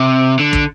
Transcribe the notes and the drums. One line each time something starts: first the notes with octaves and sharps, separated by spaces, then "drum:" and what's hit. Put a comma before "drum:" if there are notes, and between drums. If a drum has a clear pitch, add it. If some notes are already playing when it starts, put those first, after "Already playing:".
Already playing: C3
D3
drum: kick